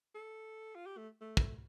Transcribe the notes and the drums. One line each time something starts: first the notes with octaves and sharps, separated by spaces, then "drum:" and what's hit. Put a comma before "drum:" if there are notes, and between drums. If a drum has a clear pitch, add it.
A4
F4
G4
A3
A3
drum: kick